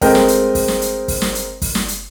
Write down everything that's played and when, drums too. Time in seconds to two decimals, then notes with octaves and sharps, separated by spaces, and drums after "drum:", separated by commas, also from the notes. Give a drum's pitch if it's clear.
0.01 G#3 A3 C4 A#4 D#5 G5, drum: kick, open hi-hat
0.15 drum: snare
0.28 drum: hi-hat
0.55 drum: kick, open hi-hat
0.68 drum: snare
0.82 drum: hi-hat
1.08 drum: kick, open hi-hat
1.22 drum: snare
1.35 drum: hi-hat
1.62 drum: kick, open hi-hat
1.75 drum: snare
1.88 drum: hi-hat